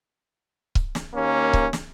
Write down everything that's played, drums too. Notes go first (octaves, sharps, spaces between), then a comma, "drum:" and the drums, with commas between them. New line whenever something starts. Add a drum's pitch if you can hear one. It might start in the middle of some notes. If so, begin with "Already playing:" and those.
drum: kick C#1
drum: snare
D#2 A#3 C#4
drum: kick C#1
drum: snare